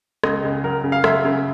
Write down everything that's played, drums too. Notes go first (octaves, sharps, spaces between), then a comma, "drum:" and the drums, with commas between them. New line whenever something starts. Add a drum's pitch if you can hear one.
C#2 D#5, drum: rim click
C#3
F#3 A#4
C#3
F5
F#3 E5, drum: rim click
C#3